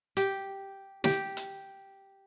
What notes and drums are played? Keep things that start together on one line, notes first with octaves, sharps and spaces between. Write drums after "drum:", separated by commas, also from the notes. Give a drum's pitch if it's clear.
G4, drum: hi-hat
G4, drum: snare
drum: hi-hat